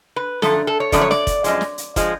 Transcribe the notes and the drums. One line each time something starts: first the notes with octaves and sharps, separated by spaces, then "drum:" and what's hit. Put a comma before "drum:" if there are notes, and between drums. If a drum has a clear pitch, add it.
B4
F#2 D3 F3 A3 A4, drum: snare
A4
C#5
F#2 D3 F3 A3 D5, drum: kick, hi-hat
C#5
D5, drum: snare
drum: kick, hi-hat
F#2 F3 G#3, drum: hi-hat
drum: snare
drum: hi-hat
F3 G#3, drum: kick, hi-hat